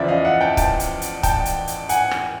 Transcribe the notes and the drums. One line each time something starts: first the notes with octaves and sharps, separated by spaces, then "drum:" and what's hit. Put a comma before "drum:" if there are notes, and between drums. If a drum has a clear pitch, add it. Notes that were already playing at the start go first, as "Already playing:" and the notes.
Already playing: E2 C#3 F3 D5 E5
D#5 F5
E5 F#5
G5 A5
G5 A5, drum: kick, hi-hat
drum: hi-hat
drum: hi-hat
G5 A5, drum: kick, hi-hat
drum: hi-hat
drum: hi-hat
F#5 G#5, drum: hi-hat
drum: rim click